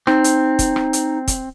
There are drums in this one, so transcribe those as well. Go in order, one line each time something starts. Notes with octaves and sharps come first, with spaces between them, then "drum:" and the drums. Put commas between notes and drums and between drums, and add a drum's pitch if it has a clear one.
C4 D#4, drum: rim click
drum: hi-hat
drum: kick, hi-hat
drum: rim click
drum: hi-hat
drum: kick, hi-hat